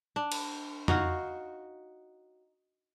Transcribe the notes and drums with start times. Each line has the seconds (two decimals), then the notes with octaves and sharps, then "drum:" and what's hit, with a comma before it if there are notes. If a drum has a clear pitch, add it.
0.16 D4
0.32 drum: cymbal
0.88 D#4 F#4 C#5 F5, drum: tom F2